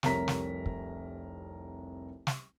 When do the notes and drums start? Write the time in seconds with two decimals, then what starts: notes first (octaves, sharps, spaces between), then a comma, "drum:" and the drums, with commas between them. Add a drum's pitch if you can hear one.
0.03 F1 C2 A#4 C#5 A#5 B6, drum: snare
0.28 drum: snare
0.66 drum: kick
2.27 drum: snare